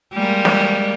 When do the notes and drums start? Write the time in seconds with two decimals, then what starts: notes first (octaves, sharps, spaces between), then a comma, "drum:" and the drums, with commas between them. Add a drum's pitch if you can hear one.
0.13 G3 G#3 A#3
0.45 drum: snare